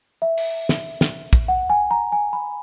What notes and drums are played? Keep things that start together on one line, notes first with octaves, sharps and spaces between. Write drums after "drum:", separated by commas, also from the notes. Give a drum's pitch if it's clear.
E5
drum: open hi-hat
drum: snare
drum: snare
drum: kick, hi-hat
F#5
G#5
A#5
G#5
B5